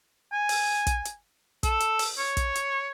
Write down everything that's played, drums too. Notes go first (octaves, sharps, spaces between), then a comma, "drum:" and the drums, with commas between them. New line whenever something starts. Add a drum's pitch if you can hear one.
G#5
drum: open hi-hat
drum: kick, hi-hat
drum: hi-hat
A4, drum: kick, hi-hat
drum: hi-hat
drum: open hi-hat
C#5
drum: kick, hi-hat
drum: hi-hat